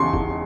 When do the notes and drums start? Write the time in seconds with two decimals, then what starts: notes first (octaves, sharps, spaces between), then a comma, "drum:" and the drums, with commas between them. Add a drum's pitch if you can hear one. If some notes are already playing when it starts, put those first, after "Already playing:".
Already playing: E2 C#3 E3 C6 C#6
0.13 E2, drum: kick